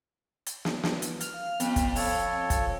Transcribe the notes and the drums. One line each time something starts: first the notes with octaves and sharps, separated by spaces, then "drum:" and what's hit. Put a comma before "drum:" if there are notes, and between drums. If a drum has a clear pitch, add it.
drum: hi-hat
drum: snare
drum: snare
drum: hi-hat
F6, drum: hi-hat
F5
F2 B3, drum: hi-hat
drum: kick, hi-hat
A4 C#5 F5, drum: open hi-hat
drum: kick, hi-hat